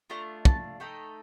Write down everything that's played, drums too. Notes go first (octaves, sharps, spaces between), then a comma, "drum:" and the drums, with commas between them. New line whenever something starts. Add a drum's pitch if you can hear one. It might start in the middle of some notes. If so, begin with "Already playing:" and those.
A3 D4 F4 A#5
A5, drum: kick
A3 D#4 A4 G5